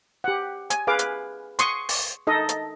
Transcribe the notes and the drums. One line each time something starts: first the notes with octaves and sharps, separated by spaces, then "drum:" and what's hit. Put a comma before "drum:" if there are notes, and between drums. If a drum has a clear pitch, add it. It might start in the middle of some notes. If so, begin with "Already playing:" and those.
G4 F#5
G#5, drum: hi-hat
G#4 B4 F5 D6
drum: hi-hat
C6 C#6 D#6, drum: hi-hat
drum: open hi-hat
D#4 A4 D#5
drum: hi-hat